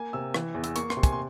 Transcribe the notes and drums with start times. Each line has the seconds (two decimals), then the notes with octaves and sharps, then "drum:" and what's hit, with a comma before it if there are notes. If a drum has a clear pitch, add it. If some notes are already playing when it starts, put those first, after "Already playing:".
Already playing: A#3 G#5
0.13 C3 E6
0.34 E3, drum: rim click
0.55 E2
0.64 E6, drum: hi-hat
0.76 A#3 C#6, drum: hi-hat
0.90 C6, drum: rim click
0.97 C3
1.03 G#5, drum: kick, hi-hat
1.12 C6